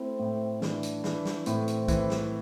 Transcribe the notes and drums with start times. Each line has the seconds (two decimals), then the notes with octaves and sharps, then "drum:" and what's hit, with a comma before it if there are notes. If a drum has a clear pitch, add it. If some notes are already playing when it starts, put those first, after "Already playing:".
Already playing: A3 C4 E4
0.19 A2
0.62 E3 D4, drum: snare
0.83 drum: hi-hat
1.04 E3, drum: snare
1.25 drum: snare
1.46 A2 C4, drum: hi-hat
1.68 drum: hi-hat
1.88 E3, drum: kick, hi-hat
2.10 drum: snare